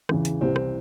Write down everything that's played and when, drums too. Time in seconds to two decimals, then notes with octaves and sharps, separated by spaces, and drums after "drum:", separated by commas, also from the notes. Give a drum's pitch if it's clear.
0.09 E2 C#3 E3, drum: rim click
0.25 drum: hi-hat
0.41 C2 C3 E3 C4
0.56 drum: rim click